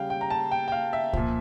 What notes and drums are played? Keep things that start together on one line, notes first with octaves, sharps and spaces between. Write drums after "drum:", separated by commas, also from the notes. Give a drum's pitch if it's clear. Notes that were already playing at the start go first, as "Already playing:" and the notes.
Already playing: C#3 G3 F5 G5
G5
A#5
A5
G5
G5
F5
E5
A#2 F3, drum: kick C2